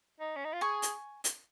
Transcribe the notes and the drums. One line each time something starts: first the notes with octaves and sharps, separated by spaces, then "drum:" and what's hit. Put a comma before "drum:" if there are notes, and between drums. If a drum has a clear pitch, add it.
D#4
C#4
D#4
F4
G#4 G#5 C#6
drum: hi-hat
drum: hi-hat